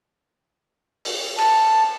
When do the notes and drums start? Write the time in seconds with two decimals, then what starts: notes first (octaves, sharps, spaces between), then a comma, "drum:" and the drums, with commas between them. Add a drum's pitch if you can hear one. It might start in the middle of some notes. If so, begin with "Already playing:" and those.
1.05 drum: open hi-hat
1.38 A5, drum: cymbal